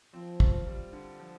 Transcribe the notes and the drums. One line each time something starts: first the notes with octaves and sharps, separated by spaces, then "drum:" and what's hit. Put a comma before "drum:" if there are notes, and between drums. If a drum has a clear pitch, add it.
F3 C4
F4, drum: kick
G3
D3
F3